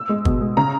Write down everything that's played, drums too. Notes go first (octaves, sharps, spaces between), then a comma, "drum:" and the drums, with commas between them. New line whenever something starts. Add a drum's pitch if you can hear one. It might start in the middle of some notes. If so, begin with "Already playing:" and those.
Already playing: E6
G#3
B2, drum: kick G1
G#3
C#3 A#5